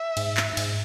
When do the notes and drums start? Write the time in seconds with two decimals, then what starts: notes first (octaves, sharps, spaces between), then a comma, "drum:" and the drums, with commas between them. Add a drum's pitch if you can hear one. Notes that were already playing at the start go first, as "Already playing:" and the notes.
Already playing: E5
0.17 G#2, drum: cymbal
0.37 drum: clap
0.57 G#2, drum: cymbal